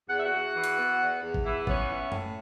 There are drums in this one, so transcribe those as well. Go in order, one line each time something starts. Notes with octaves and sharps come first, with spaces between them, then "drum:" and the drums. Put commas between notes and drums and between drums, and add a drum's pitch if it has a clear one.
E2 F#5
E5
F#4 F#5
E2
E3
drum: hi-hat
B3
E2
E2
drum: kick G#1
E3 E4 E5
B3 C#4 C#5, drum: kick G#1
E4
A2, drum: tom F#2